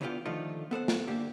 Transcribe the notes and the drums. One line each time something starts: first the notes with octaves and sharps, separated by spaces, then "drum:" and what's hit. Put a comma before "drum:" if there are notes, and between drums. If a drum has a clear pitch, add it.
E2 D3 E3 B3 F4 G4
D3 D#3 F3 A3 D#4 F4
B3 A4 C5 F#5
drum: snare
D3 A#3 G4